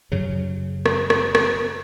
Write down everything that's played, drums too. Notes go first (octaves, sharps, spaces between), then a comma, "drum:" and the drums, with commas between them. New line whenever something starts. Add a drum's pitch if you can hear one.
F#2 C#3 F#3
drum: rim click
drum: rim click
drum: rim click